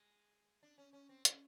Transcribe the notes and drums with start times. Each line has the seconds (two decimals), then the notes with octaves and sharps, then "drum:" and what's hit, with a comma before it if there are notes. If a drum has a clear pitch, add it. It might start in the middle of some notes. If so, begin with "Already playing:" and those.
Already playing: G#3
0.63 D4
0.78 C#4
0.93 C#4
1.09 C4
1.25 C#4, drum: hi-hat